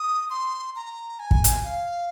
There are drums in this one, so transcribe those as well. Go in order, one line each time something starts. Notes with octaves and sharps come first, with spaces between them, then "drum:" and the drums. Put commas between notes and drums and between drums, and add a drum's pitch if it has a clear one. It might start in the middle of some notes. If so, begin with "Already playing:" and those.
Already playing: D#6
C6
A#5
G#5
drum: kick
drum: hi-hat
F5